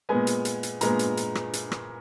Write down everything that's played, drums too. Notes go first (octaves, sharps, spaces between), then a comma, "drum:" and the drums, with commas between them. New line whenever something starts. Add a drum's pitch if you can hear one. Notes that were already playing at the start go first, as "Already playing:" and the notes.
A#2 G#3 B3 G#5
drum: hi-hat
drum: hi-hat
drum: hi-hat
A#2 G#3 B3 A#5, drum: hi-hat
drum: hi-hat
drum: hi-hat
drum: rim click
drum: hi-hat
drum: rim click